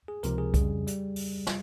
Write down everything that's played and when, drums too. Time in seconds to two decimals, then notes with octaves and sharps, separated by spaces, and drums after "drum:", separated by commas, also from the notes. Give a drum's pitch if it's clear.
0.08 G#4
0.23 C#2 C3 F3 A#4, drum: hi-hat
0.38 G#4
0.54 F2 C#3 G3, drum: kick C2, hi-hat
0.87 G3, drum: hi-hat
1.16 drum: open hi-hat
1.47 drum: snare